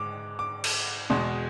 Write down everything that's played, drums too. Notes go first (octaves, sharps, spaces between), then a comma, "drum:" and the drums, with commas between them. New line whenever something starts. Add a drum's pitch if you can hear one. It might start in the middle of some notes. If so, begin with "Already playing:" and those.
Already playing: G#2 G#3 D6
D6
drum: cymbal
E2 B2 G#3 C6